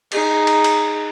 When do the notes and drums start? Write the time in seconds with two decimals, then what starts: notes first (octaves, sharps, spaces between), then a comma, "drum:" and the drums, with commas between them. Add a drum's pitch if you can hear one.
0.12 D#4 G#4, drum: cymbal
0.47 drum: cymbal
0.64 drum: cymbal